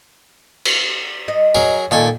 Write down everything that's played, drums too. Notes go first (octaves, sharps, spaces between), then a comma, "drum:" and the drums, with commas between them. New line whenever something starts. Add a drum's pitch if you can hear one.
drum: cymbal
D#5
F#3 G#4 A#4
A#2 D#3 A4 G#5